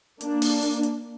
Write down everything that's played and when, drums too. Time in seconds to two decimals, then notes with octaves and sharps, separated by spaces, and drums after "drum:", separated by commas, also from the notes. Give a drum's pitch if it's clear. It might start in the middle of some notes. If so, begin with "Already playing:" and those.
0.21 A#3 D4, drum: hi-hat
0.42 drum: open hi-hat
0.63 drum: hi-hat
0.83 drum: hi-hat